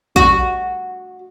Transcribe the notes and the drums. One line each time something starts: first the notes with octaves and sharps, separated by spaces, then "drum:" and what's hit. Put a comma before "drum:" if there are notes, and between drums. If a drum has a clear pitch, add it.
F#4, drum: kick